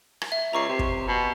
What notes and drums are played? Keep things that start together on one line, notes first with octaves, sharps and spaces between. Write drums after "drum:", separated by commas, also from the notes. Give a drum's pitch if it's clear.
drum: rim click
E5
C#2 A#5 C#6 C7
C3
drum: kick
B2